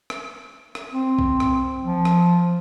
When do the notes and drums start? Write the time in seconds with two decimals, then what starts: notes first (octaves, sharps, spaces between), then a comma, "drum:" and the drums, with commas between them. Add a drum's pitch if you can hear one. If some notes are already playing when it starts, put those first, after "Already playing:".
0.10 drum: rim click
0.75 drum: rim click
0.92 C4
1.19 drum: kick B1
1.40 drum: rim click
1.84 F3
2.05 drum: rim click